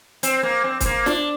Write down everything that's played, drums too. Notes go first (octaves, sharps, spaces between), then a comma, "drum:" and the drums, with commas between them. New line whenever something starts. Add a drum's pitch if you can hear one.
C4, drum: hi-hat
A#3
C4
C4, drum: kick, hi-hat
A#3
D4, drum: snare